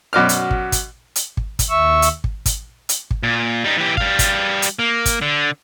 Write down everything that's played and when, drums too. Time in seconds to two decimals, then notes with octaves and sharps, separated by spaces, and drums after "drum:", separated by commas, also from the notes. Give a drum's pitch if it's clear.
0.13 F#2 B2 D5 F6
0.29 drum: hi-hat
0.51 drum: kick
0.72 drum: kick, hi-hat
1.16 drum: hi-hat
1.37 drum: kick
1.59 drum: kick, hi-hat
1.69 D#2 E5 C#6 E6
2.02 drum: hi-hat
2.24 drum: kick
2.46 drum: kick, hi-hat
2.89 drum: hi-hat
3.11 drum: kick
3.23 A#2
3.64 G3 D#4
3.77 E3 G4
3.97 G3 F5, drum: kick
4.19 drum: kick, hi-hat
4.62 drum: hi-hat
4.79 A#3
5.06 drum: kick, hi-hat
5.22 D3